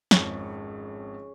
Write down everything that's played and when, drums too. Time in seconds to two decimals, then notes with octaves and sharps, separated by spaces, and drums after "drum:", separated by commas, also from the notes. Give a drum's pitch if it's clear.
0.11 G#1 F2 C#4 G#4 C#6, drum: snare